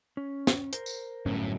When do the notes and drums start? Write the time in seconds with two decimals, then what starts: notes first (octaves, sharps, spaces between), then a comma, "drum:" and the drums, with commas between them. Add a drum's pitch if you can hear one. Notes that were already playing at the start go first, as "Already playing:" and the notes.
0.17 C#4
0.47 drum: snare
0.73 A#4 C5, drum: hi-hat
0.86 drum: tambourine
1.26 G1 F#2 A2 C#4